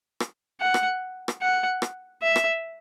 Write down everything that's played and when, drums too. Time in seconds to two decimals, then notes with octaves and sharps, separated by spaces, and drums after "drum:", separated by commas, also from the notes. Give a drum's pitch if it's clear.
0.20 drum: rim click
0.61 F#5
0.74 drum: rim click
1.28 drum: rim click
1.41 F#5
1.82 drum: rim click
2.22 E5
2.36 drum: rim click